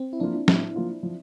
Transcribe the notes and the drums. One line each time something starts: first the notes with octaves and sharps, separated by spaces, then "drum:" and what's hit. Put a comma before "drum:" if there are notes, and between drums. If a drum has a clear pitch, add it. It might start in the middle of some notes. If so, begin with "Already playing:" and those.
Already playing: C4
E4
F3 A#3 D4 F4
A2 E4, drum: snare
F3 A#3 F4
F3